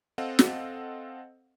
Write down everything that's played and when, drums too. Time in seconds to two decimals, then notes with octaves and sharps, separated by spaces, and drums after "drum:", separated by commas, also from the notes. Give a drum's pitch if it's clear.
0.18 C4 A4 D#5 F5 F#5
0.39 drum: snare